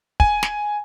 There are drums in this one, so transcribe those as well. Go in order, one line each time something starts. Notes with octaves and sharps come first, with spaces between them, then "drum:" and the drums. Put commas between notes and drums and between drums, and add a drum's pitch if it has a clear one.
G#5, drum: kick
drum: snare